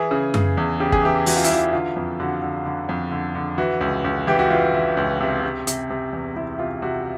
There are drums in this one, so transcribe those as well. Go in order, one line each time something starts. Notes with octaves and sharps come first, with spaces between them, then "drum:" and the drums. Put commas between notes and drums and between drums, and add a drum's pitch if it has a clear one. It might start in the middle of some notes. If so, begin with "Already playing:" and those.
Already playing: E3 G#4
C#3
C#3, drum: tom F#2
E2
C#3 G4
G#4, drum: kick
E3 G4
E3 F#4, drum: open hi-hat
F4
E4, drum: hi-hat
E3 F4
D3 F4
F2
D3 F#4
D3
D3
F2
D3
D3
E3 F#4
C#2
C#2
E3 G4
F#4
E3 F4
E3
C#2
C3
C3
C3, drum: hi-hat
C3
E2
C3 E4
C3 F4
C3 F#4